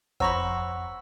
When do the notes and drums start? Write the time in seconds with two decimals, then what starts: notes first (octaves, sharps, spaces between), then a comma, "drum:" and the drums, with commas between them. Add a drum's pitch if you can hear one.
0.20 F2 C5 C#5 F#5 A#5 B5 C#6 E6, drum: kick